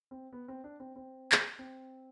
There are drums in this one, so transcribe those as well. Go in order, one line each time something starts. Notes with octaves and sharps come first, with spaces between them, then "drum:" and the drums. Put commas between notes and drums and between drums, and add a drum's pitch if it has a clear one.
C4
B3
C4
D4
C4
C4
drum: clap
C4